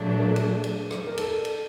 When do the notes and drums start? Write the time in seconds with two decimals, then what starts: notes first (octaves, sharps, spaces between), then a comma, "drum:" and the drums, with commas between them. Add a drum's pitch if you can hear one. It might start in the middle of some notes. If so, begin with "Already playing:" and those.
Already playing: A#2 F#3 A3 D4 G#4
0.10 B4
0.19 A#4
0.28 A4
0.36 G#4, drum: cymbal
0.64 drum: cymbal
0.91 drum: rim click
1.07 A#4
1.18 A4, drum: cymbal
1.45 drum: cymbal